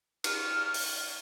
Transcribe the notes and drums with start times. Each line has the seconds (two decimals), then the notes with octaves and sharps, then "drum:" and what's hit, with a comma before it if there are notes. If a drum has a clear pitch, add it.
0.24 F6, drum: cymbal
0.74 drum: open hi-hat